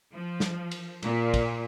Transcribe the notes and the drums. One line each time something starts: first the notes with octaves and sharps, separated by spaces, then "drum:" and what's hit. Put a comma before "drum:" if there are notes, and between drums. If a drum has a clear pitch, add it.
F3
drum: snare
drum: cymbal
A#2, drum: cymbal
drum: kick, cymbal